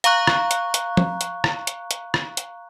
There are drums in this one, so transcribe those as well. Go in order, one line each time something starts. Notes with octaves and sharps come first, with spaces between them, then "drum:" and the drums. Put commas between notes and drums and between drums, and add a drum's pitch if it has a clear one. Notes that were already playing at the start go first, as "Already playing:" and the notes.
F5 A#5 C#6 F#6, drum: hi-hat
drum: rim click
drum: hi-hat
drum: hi-hat
drum: tom F3
drum: hi-hat
drum: rim click
drum: hi-hat
drum: hi-hat
drum: rim click
drum: hi-hat